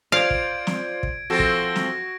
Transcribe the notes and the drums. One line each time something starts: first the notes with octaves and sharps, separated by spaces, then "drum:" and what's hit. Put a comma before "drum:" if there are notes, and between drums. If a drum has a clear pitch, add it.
F4 C5 D5 F5 G#6 D7
drum: kick
drum: snare
drum: kick
F3 C4 F#4 A4 A#6 D7
drum: kick
drum: snare